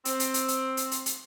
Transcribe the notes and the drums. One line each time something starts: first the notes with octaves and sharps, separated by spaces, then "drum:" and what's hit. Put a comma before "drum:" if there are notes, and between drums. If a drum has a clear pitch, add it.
C4, drum: hi-hat
drum: hi-hat
drum: hi-hat
drum: hi-hat
drum: hi-hat
drum: hi-hat
drum: hi-hat